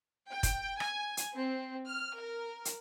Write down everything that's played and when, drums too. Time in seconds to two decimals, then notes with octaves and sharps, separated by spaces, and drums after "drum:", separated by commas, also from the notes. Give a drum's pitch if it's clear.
0.31 G5
0.43 drum: kick, hi-hat
0.80 G#5, drum: rim click
1.17 drum: hi-hat
1.33 C4
1.87 F6
2.21 A#4
2.65 drum: hi-hat